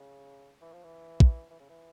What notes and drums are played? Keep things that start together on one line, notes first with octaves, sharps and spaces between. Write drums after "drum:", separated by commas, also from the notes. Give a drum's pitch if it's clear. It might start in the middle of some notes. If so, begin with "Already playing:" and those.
Already playing: C#3
E3
F3
E3
drum: kick
E3
C#3
E3